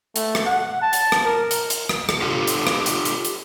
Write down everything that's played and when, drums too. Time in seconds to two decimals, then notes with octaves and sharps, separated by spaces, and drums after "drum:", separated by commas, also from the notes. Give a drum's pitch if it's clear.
0.16 A3, drum: hi-hat
0.35 drum: rim click
0.46 F#5
0.82 A5
0.93 drum: hi-hat
1.12 drum: rim click
1.25 A#4
1.51 drum: hi-hat
1.70 drum: hi-hat
1.89 drum: rim click
2.09 drum: rim click
2.22 F4 G4 A4
2.47 drum: hi-hat
2.67 drum: rim click
2.86 drum: hi-hat
3.05 drum: hi-hat
3.25 drum: hi-hat